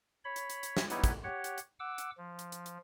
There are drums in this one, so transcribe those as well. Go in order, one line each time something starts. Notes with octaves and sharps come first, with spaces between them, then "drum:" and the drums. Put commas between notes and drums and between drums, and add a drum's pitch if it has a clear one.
C#5 B5
drum: hi-hat
drum: hi-hat
drum: hi-hat
drum: snare
G3 B3 D#4 E4 B4 C#5, drum: hi-hat
drum: kick, hi-hat
G4 C#5 F#5
drum: hi-hat
drum: hi-hat
F#5 D6 E6
drum: hi-hat
F3
drum: hi-hat
drum: hi-hat
drum: hi-hat